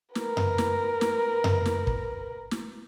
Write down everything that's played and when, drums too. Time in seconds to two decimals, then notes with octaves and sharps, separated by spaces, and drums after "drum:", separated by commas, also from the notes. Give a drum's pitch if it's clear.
0.15 A#4 B4, drum: snare
0.37 drum: tom F#2
0.58 drum: snare
1.01 drum: snare
1.44 drum: tom F#2
1.66 drum: snare
1.87 drum: kick
2.51 drum: snare